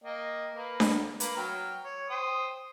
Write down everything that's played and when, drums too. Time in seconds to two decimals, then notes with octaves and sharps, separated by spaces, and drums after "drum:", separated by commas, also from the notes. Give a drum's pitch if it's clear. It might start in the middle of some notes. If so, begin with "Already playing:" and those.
0.04 A#3 D#5 G5
0.53 A#3 B4
0.80 drum: snare D4
1.20 A#3 B4, drum: hi-hat
1.37 F#3 G5 F6
1.84 C#5
2.10 C5 G5 D#6